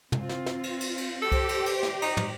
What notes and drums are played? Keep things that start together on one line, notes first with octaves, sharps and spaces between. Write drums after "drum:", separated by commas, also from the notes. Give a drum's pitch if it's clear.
C4 F4, drum: tom
drum: snare
drum: snare
drum: cymbal
drum: cymbal
drum: cymbal
G4 A4 C5
drum: kick C2, cymbal
drum: cymbal
drum: cymbal
drum: snare
D#4, drum: cymbal
drum: tom